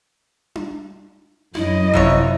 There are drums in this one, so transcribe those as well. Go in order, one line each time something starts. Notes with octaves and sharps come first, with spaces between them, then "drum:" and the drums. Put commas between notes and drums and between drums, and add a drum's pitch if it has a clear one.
drum: tom D4
F#2 E4 D#5, drum: tom D4
F2 C3 C#5, drum: kick G#1